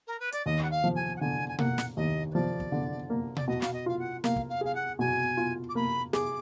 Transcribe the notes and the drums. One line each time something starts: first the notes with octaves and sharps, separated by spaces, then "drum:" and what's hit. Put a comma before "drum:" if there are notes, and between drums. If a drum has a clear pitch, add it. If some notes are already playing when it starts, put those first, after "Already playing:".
A#4
B4
D5, drum: hi-hat
D#2 D#5
F#5
F5
F3
G#5
F#5
D3 G#5
G#5
A#3 F#5, drum: tom B2
drum: snare
D#2 D#5
B4
F3 D5
drum: kick
D3
A#3
D5, drum: tom B2
B2 D#5
F5, drum: snare
D#5
F4 F5
F#5
A#3 F5, drum: snare
drum: kick
F5
G#4 F5
F#5
B2 G#5
F4
D6
A#3 B5
G#4 D6, drum: snare